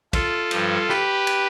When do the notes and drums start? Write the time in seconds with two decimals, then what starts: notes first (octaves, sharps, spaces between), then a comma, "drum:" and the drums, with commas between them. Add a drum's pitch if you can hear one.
0.13 F4 A4, drum: kick, cymbal
0.51 G2 F3, drum: cymbal
0.89 G4 B4, drum: snare
1.27 drum: cymbal